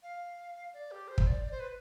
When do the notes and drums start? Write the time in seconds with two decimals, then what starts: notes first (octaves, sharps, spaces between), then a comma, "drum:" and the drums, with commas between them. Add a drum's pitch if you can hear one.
0.03 F5
0.73 D5
0.91 G4
1.08 C5
1.18 drum: kick
1.27 D5
1.44 D5
1.51 C5
1.60 B4